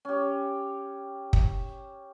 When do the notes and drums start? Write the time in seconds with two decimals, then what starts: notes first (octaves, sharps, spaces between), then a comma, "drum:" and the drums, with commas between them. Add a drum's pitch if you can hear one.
0.05 C#4 G4
1.33 drum: kick